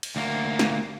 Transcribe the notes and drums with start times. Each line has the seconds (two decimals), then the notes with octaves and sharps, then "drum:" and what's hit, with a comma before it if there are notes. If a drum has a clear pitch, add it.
0.03 drum: cymbal
0.16 D2 A#3
0.59 drum: snare